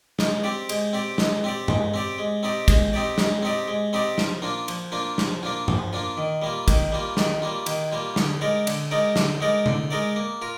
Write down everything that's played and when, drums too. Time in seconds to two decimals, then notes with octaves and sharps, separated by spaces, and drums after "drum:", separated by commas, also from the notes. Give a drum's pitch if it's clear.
0.19 G#3, drum: snare
0.44 C4 G4 D5
0.69 G#3, drum: cymbal
0.93 C4 G4 D5
1.18 G#3, drum: snare
1.44 C4 G4 D5
1.68 G#3, drum: tom G2
1.94 C4 G4 D5
2.18 G#3
2.43 C4 D#4 G4 D5
2.68 G#3, drum: kick, cymbal
2.93 C4 D#4 G4 D5
3.18 G#3, drum: snare
3.42 C4 D#4 G4 D5
3.68 G#3
3.93 C4 D#4 G4 D5
4.18 F3, drum: snare
4.42 A#3 D4 F4
4.68 F3, drum: cymbal
4.92 A#3 D4 F4
5.18 F3, drum: snare
5.43 A#3 D4 F4
5.68 F3, drum: tom G2
5.93 A#3 D4 F4
6.17 D#3
6.42 G3 A#3 F4
6.68 D#3, drum: kick, cymbal
6.92 G3 A#3 F4
7.17 D#3, drum: snare
7.42 G3 A#3 F4
7.66 D#3, drum: cymbal
7.92 G3 A#3 F4
8.16 D3, drum: snare
8.41 G#3 D#4 A#4 D5
8.67 D3, drum: cymbal
8.91 G#3 D#4 A#4 D5
9.16 D3, drum: snare
9.41 G#3 D#4 A#4 D5
9.66 D3, drum: tom C3
9.91 G#3 D#4 A#4 D5
10.16 A#3
10.42 F4 A#4